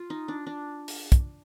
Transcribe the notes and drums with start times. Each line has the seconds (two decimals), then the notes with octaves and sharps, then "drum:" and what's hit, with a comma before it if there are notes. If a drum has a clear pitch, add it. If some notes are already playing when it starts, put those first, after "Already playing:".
Already playing: F4
0.10 D#4
0.28 D4
0.47 D4
0.88 drum: open hi-hat
1.12 drum: kick, hi-hat